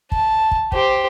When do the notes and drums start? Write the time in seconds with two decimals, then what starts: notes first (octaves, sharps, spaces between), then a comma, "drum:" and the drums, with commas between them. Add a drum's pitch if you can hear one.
0.12 A5, drum: kick
0.51 drum: kick
0.72 G4 C5, drum: kick